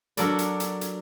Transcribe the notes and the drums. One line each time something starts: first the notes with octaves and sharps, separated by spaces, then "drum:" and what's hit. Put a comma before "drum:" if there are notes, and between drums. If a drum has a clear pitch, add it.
F#3 D4 A4 A#4 D5, drum: hi-hat
drum: hi-hat
drum: hi-hat
drum: hi-hat